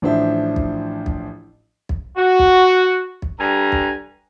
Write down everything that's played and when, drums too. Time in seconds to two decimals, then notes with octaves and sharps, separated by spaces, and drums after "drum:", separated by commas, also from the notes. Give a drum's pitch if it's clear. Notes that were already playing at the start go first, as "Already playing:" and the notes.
0.02 A1 F3 D4 C5 E5
0.56 drum: kick
1.06 drum: kick
1.89 drum: kick
2.17 F#4
2.39 drum: kick
3.22 drum: kick
3.39 G2 D3 G3 G#5 A#5
3.72 drum: kick